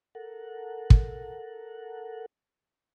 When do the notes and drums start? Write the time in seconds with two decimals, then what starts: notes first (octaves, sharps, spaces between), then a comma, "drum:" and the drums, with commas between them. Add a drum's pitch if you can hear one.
0.15 A4 A#4 F#5
0.90 drum: kick